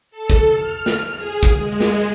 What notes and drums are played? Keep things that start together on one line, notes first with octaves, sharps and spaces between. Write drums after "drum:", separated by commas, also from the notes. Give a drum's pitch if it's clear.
A4
drum: kick
F6
drum: snare
G#4
drum: kick
G#3
drum: snare